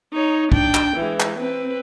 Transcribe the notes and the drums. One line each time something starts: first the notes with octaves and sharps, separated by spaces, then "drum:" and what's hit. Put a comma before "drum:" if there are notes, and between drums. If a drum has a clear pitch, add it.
D#4 C#5
D4 G5, drum: kick C2
drum: clap
E3 G#3
drum: clap
C4 B4